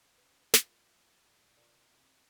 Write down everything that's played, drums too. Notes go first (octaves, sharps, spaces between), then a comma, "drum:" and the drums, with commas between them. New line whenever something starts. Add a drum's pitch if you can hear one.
E2 C#4 B4
F#2 A#3 F4 F#4 G#4, drum: snare
G2 A#2 G#3
C3 F4 A#4 D5